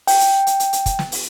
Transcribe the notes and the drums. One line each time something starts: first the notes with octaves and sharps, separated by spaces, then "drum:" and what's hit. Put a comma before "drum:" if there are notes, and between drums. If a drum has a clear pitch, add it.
G5, drum: open hi-hat
drum: hi-hat
drum: hi-hat
drum: hi-hat
drum: hi-hat
drum: kick, hi-hat
drum: snare
drum: open hi-hat